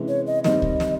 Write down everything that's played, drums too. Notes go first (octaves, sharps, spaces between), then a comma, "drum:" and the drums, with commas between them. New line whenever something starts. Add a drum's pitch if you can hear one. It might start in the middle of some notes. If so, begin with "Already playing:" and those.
Already playing: C3 E3 G#3 C#4
C#5
D#5
D#3 G3 C4 D#5, drum: snare
drum: kick C#2
drum: snare